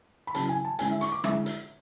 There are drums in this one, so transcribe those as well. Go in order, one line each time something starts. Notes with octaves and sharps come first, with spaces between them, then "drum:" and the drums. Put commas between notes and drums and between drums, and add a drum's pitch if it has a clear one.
B5
C#3 F#3 C#4 E4 A5, drum: hi-hat
G#5
A5
D3 G#3 C#4 E4 G#5, drum: hi-hat
E5
C#6, drum: hi-hat
D6
D3 G#3 C#4 E4 E5, drum: rim click
drum: hi-hat